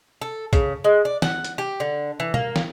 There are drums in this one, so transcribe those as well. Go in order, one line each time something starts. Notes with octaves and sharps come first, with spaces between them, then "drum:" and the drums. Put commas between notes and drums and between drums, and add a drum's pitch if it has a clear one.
A4
C#3, drum: kick, hi-hat
G#3
D5
F#5, drum: snare
drum: hi-hat
G4
D3
E3
A#3, drum: tom B2
drum: snare